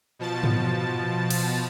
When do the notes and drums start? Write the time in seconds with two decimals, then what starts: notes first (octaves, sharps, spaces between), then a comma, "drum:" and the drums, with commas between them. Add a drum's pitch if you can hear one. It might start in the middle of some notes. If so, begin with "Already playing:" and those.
0.19 B2 F3 A5 A6
0.43 drum: tom G#2
1.30 drum: cymbal